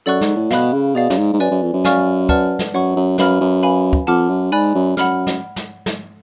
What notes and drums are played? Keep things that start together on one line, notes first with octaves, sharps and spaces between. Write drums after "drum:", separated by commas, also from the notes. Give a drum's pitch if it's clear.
F#2 A4 D5 F#5 C#6 F#6
G#2, drum: snare
A2
B2 F5 B5 F#6, drum: snare
C#3
B2 G#4 D5 F5
F#2, drum: snare
G#2
G#2
F#2 B4 D5 G#5
F#2
F2
F#2
D5 F5 G#5 C#6 F6, drum: snare
B4 D5 F#5 A5 F6, drum: kick
drum: snare
F#2 C#5 F#5 C#6
F#2
F#2 B4 F5 B5 F6, drum: snare
F#2
B4 F5 G#5 B5
drum: kick
F2 F#5 A5 D6 F6
F#2
G#2 D5 G#5 B5 F#6
F#2
F#2 F#5 B5 F6, drum: snare
drum: snare
drum: snare
drum: snare